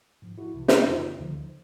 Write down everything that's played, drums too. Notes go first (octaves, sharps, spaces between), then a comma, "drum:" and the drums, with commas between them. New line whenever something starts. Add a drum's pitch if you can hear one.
G#2 F3
E4 F#4
C2 C3 E3
drum: snare
F2 C#3 E3 D#4 F4
D2 D3 F3